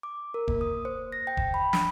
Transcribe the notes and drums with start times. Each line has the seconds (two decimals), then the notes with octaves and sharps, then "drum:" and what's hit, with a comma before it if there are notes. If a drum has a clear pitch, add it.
0.03 D6
0.34 A#4
0.48 A#3, drum: kick E1
0.61 D#6
0.85 C5
1.12 A#6
1.27 G5
1.37 drum: kick E1
1.54 B5
1.73 D4, drum: snare